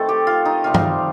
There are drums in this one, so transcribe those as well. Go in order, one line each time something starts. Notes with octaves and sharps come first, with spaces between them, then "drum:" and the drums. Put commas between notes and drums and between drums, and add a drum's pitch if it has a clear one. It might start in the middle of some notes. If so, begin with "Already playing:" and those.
Already playing: D#3 A3 C4 A4 C5
G4
F4
D#4
C3 G3 C4 F4
drum: tom G2